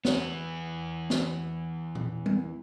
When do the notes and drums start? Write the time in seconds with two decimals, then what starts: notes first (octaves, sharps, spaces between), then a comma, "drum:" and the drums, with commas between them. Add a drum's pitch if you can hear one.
0.05 E3 B3, drum: snare
1.10 drum: snare
1.95 drum: tom A#2
2.26 drum: tom G3